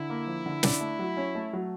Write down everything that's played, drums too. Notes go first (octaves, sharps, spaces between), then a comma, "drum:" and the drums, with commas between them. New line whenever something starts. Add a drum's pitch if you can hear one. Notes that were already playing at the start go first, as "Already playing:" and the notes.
Already playing: D3 E4
A#3
F3
D3
D4, drum: snare
A3
F#3
C#4
A3
F#3